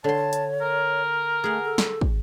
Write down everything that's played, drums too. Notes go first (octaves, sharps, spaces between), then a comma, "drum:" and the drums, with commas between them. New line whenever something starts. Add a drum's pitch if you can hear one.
D3 C#5 A5 C6
drum: hi-hat
A#4
A3 G#4 F#5
A4
drum: snare
drum: kick